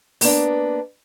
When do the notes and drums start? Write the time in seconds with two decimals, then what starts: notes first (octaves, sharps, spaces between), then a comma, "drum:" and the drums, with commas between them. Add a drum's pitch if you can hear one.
0.21 A#3 B3 D4, drum: open hi-hat